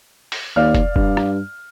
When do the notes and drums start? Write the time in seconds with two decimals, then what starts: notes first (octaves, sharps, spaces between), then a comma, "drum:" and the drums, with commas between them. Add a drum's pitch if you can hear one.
0.32 drum: open hi-hat
0.56 D#2 D5 F5 F6
0.75 drum: kick, hi-hat
0.96 G2, drum: kick
1.17 drum: rim click